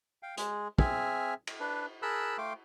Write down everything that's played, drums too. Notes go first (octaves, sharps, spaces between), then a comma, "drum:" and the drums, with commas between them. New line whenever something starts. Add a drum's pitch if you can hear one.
F5 G5
G#3 G#4, drum: hi-hat
C4 G#4 E5 G#5 F6, drum: kick
drum: cymbal
D4 B4
G#4 A#4 A5 B5 E6 F#6
A3 F5 G5 C6 D6